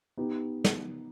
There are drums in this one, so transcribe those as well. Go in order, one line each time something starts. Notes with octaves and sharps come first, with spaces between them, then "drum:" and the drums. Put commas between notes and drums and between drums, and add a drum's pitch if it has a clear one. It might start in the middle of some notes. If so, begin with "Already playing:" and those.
B3 D#4 G4
drum: snare